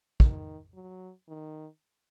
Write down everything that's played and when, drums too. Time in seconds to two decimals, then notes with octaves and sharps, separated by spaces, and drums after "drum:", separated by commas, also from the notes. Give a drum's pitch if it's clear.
0.20 D#3, drum: kick
0.74 F#3
1.29 D#3